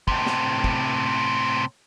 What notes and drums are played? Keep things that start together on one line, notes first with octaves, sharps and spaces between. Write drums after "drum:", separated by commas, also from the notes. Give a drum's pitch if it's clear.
A2 C3, drum: kick
drum: snare
drum: kick